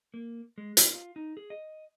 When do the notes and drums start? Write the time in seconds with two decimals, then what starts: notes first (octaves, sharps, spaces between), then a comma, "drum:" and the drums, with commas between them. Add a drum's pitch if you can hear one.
0.14 A#3
0.58 G#3
0.77 E4, drum: hi-hat
0.93 F4
1.16 D#4
1.37 G#4
1.50 D#5